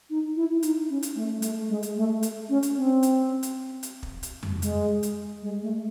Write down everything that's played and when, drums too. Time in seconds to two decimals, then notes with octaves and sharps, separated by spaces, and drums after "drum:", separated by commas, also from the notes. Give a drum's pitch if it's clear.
0.10 D#4
0.36 E4
0.63 D#4, drum: hi-hat
0.89 C#4
1.03 drum: hi-hat
1.15 A3
1.38 G#3
1.42 A3, drum: hi-hat
1.69 G#3
1.83 drum: hi-hat
1.96 A3
2.23 drum: hi-hat
2.49 C#4
2.63 drum: hi-hat
2.76 C4
3.03 drum: hi-hat
3.43 drum: hi-hat
3.83 drum: hi-hat
4.03 drum: kick
4.23 drum: hi-hat
4.43 drum: tom F2
4.62 G#3, drum: hi-hat
5.03 drum: hi-hat
5.42 G#3
5.62 A3